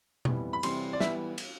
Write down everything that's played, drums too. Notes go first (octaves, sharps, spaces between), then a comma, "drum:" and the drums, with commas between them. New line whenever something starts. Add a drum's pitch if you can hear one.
F2 E3 G3 B3, drum: tom B2
B5
C3 E3 G3 C4 C6, drum: cymbal
D5
E3 G3 B3 E5, drum: snare
drum: cymbal